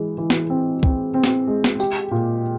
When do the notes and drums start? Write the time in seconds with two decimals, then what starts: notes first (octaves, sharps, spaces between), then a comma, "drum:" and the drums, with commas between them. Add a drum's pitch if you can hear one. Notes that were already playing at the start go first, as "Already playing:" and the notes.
Already playing: E3 G#3
0.18 E3
0.30 drum: snare
0.50 C4
0.83 C4, drum: kick
1.14 C4
1.24 drum: snare
1.47 G#3
1.64 drum: snare
1.80 G4, drum: tambourine
2.11 A#2